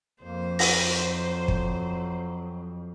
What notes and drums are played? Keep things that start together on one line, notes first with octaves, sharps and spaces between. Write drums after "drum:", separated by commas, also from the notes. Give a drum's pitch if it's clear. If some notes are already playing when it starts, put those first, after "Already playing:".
F2 A#3 C5
F#3 A#6, drum: open hi-hat
drum: kick